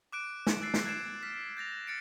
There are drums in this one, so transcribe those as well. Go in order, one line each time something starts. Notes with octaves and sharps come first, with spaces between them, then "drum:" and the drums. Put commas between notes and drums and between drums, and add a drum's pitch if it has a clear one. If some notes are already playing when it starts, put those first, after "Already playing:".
D6 F#6 D7
drum: snare
E6 F#6 A6 C7
drum: snare
F#6 G#6 A6 C7 D7 E7
F6 B6
G6 A6 A#6 F7
F6 A6 C#7 D7